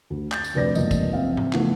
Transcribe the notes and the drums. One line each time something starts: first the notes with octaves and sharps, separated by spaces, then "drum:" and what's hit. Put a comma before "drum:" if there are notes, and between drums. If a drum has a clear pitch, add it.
D2
G6 A6, drum: clap
drum: tambourine
F1 D2 C3 B4 D5 A#6
F1 C#2 G2 D3 A#3 D#5, drum: tambourine
drum: kick A1, tambourine
F#1 F3 C4 E5 F5
drum: tom G#2
C#3 E3 F3 A3 B3 D#4, drum: clap